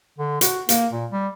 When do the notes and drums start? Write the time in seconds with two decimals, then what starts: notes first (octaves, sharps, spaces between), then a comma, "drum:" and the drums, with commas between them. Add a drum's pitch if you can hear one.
0.18 D3
0.41 F#4, drum: hi-hat
0.69 A#3, drum: hi-hat
0.93 A#2
1.10 G3